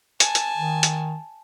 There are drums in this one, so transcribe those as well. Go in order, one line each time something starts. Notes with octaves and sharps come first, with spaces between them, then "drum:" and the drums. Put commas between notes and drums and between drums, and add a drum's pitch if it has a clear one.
G#5 A5, drum: hi-hat
drum: hi-hat
D#3
drum: hi-hat